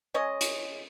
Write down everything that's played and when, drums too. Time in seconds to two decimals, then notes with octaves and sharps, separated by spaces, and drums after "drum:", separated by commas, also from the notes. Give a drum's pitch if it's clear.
0.14 G#3 C#4 C#5 D#5
0.41 drum: hi-hat